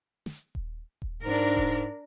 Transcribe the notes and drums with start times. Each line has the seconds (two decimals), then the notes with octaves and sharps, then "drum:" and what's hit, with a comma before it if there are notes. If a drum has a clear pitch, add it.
0.26 drum: snare
0.55 drum: kick D#1
1.02 drum: kick D#1
1.23 G#2 D4 A#4
1.34 drum: open hi-hat
1.57 drum: kick D#1